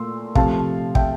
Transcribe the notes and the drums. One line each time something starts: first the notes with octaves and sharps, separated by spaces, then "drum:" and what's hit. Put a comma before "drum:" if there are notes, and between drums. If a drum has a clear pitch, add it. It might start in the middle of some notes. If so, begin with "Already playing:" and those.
Already playing: A#2 A3 C6 E6
C3 F3 A3 F5 A5, drum: kick
E5 G5, drum: kick